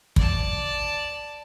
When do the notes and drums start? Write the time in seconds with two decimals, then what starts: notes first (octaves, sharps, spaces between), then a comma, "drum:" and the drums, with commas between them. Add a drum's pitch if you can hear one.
0.16 D5 A5, drum: kick